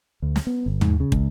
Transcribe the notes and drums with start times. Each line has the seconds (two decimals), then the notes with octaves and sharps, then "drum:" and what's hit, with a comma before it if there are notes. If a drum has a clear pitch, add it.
0.22 D2
0.36 drum: snare
0.47 B3
0.66 G1
0.81 G#2, drum: tom
1.00 C#3
1.12 C#2, drum: kick